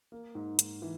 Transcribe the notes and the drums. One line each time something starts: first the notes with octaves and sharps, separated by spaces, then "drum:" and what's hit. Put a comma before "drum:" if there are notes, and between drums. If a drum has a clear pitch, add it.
A#3
G#2
G#2, drum: hi-hat
E3